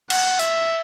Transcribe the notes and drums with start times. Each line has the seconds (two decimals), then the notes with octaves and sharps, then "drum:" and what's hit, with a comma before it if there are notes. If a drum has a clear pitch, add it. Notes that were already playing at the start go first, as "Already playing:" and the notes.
0.10 F#5, drum: cymbal
0.39 E5, drum: hi-hat